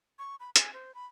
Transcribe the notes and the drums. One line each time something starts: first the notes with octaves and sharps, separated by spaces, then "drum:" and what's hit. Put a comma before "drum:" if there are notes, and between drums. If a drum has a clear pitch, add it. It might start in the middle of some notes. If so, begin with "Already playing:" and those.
C#6
B5
G#5, drum: hi-hat
C5
B5